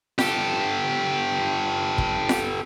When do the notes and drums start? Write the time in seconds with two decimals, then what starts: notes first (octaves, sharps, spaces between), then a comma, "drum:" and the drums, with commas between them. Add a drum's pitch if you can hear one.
0.19 G4 A4, drum: snare F4
1.98 drum: kick
2.29 drum: snare F4